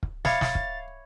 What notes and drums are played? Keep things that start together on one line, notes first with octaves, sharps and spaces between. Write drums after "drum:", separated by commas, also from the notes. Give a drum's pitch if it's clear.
drum: kick
C#5 E5 F5 B5 D6 A6, drum: snare
drum: snare
drum: kick